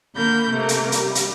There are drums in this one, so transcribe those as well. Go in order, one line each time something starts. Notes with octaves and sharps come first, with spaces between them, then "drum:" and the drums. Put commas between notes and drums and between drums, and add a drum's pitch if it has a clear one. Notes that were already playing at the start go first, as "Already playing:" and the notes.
D3 A#3 B5 G6
C3 A3 A#3
drum: hi-hat
G3, drum: hi-hat
drum: hi-hat